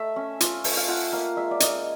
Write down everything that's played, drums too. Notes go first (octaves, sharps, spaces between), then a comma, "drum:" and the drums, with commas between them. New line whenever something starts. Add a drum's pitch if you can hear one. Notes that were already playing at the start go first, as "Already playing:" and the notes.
Already playing: A3 E5
C#4
F4, drum: hi-hat
A3, drum: open hi-hat
F5
F4 F#5
A#3 F5
G#3 E5
D5
C#4 D#5, drum: hi-hat